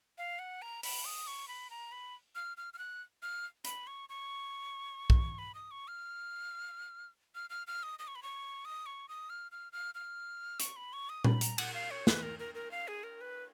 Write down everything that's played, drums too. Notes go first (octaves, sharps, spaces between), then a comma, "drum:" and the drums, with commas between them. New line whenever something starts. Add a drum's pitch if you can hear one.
F5
F#5
A#5
B5, drum: open hi-hat
D#6
C#6
B5
A#5
B5
F6
F6
F6
F#6
F6
B5, drum: hi-hat
C#6
C#6
drum: kick B1
B5
D#6
C#6
F6
F6
F6
F6
D#6
D#6
C#6
B5
C#6
D#6
C#6
D#6
F6
F6
F6
F6
C#6, drum: hi-hat
B5
C#6
D#6
B5, drum: tom A#2
A#5, drum: hi-hat
F#5, drum: cymbal
F5
C#5
B4, drum: snare
A#4
A#4
A#4
F5
G#4
A#4
B4